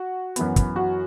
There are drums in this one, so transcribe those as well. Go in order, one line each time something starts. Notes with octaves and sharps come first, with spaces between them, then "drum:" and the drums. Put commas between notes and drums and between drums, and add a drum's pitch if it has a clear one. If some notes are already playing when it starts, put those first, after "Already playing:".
Already playing: F#4
F#2 E3 B3, drum: hi-hat
drum: kick, hi-hat
F#4